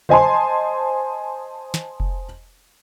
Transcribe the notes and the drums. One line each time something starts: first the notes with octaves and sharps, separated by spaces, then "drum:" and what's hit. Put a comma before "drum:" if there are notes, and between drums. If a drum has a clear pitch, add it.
C5 D#5 G#5 A5 C6, drum: tom C#3
drum: snare
drum: kick F1